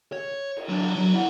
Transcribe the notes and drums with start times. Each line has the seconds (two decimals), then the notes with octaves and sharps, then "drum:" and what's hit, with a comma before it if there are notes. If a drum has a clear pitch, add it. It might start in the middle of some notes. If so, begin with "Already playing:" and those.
0.12 C#5
0.57 drum: cymbal
0.69 F#3 D4
0.95 F#3
1.14 E4 F#5